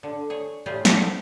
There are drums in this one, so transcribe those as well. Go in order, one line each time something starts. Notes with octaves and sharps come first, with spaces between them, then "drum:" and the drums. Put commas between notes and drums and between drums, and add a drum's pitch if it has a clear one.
D3
G#4 C#5
A2 G3 F4 G4 G#4
D#4 A4 C5 D5, drum: snare